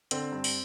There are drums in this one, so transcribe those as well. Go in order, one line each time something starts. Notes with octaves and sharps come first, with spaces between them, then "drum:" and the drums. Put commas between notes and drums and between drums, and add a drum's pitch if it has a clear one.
D3 C4, drum: hi-hat
G2
drum: open hi-hat